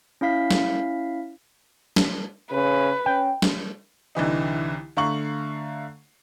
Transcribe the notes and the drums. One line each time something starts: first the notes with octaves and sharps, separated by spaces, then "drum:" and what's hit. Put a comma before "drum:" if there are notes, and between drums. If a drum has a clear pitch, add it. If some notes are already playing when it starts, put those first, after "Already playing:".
C#4 E4 F5 B6
drum: snare
drum: snare
C#3 B4
C#4 G5
drum: snare
C2 D3 E3 D#4
D3 A3 F5 A#5 C#6 F#7